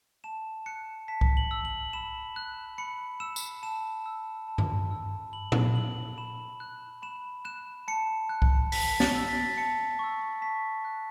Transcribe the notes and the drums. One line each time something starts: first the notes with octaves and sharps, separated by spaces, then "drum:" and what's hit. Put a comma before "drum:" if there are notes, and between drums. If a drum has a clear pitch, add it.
A5 E7
F#6 C#7
A5 B6
drum: kick C2
F#7
E6
F#7
B5 E7
F#6
B5 C#7
E6 E7
drum: tambourine
A5 E7
E6
A5
drum: tom G2
E6
B5 F#7
drum: tom A#2
E6 F#7
B5 E7
F#6
B5 E7
F#6 E7
A5 C#7
F#6
drum: kick C2
A5 B6, drum: open hi-hat
A6, drum: snare
E6
B6
A5 C#7
C#6 E6
A5 B6
F#6